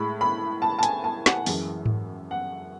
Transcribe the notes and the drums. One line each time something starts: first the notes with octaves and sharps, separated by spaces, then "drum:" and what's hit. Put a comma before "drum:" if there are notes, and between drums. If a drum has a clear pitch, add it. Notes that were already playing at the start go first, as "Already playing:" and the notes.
Already playing: A2 G#3 B5
B5
A5
A5
G#5, drum: hi-hat
A5
F#5, drum: snare
F#2 E3 G#3, drum: open hi-hat
drum: tom G#2
F#5